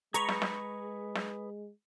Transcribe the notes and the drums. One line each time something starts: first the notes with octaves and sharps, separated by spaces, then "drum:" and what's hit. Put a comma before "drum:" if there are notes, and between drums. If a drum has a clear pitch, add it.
G#3 G#4 B4 A#5 B5 C#6, drum: hi-hat
drum: snare
drum: snare
drum: snare